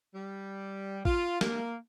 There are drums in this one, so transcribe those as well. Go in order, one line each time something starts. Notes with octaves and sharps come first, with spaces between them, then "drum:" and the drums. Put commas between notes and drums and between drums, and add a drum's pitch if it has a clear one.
G3
F4, drum: kick
A#3, drum: snare